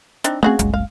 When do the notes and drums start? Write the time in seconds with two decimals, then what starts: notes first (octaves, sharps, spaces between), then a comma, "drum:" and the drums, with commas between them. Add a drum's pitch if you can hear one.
0.24 C4 D4 D#4, drum: hi-hat
0.43 C#3 A3 C4 F#4 G#4
0.59 F#1 C2 G#3, drum: hi-hat
0.74 F5